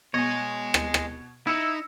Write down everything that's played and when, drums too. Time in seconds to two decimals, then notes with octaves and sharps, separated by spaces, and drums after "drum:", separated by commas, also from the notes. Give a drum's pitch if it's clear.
0.14 B2 C#5 D#5 G#5
0.74 drum: rim click
0.94 drum: rim click
1.47 D#4 E4 E6 C#7 E7